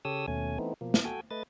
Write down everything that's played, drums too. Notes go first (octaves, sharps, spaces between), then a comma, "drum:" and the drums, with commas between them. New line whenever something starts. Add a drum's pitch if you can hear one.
C#3 G4 A4 C#5 D#6 E6
D#2 B2 A3 C#4 G#5
E3 A3 B3 C4 D#4
B2 F3 A#3
drum: snare
F#4 A4 G5 G#5
A3 B4 D#5 A6